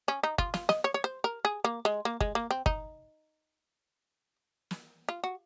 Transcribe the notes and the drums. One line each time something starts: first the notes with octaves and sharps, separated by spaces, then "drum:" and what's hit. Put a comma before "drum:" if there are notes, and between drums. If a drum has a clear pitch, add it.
C#4
D#4
F4, drum: kick
F4, drum: snare
D#5, drum: snare
C#5
C#5
C5
A#4
G#4
A#3
G#3
A#3
G#3, drum: kick
A#3
C4
D#4, drum: kick
drum: snare
F4
F#4